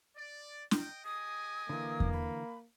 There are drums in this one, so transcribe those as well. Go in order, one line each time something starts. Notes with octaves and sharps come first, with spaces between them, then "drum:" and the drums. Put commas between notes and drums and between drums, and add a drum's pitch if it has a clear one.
D5
D#5 G5, drum: snare
G4 D#5 G#5 D#6
D3 E3 A#3
drum: kick E2
B5